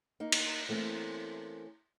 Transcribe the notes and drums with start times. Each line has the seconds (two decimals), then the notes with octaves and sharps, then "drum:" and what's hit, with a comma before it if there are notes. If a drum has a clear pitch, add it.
0.20 A#3 D#4
0.32 drum: cymbal
0.69 E3 A3 A#3 C4 C#4